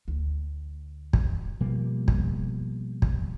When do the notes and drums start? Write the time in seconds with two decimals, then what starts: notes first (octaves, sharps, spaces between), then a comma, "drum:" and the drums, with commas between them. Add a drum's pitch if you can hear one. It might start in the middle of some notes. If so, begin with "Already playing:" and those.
0.08 D2
1.13 drum: kick
1.61 B2 F3 G3 A#3
2.08 drum: kick
3.02 drum: kick